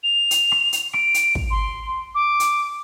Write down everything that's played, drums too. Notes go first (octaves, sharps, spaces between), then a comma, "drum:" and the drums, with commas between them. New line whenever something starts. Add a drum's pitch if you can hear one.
F7
drum: hi-hat
drum: rim click
drum: hi-hat
D7, drum: rim click
drum: hi-hat
drum: kick
C6
D6
drum: hi-hat